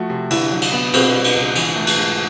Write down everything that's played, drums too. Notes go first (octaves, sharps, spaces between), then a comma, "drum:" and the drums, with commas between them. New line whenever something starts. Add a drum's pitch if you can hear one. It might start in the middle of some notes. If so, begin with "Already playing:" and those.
Already playing: F3 A3 F#4
C3
D3 E4, drum: cymbal
F#3
drum: cymbal
B3
B2 C4, drum: cymbal
G3
drum: cymbal
C#2
E3, drum: cymbal
A3
drum: cymbal
G#2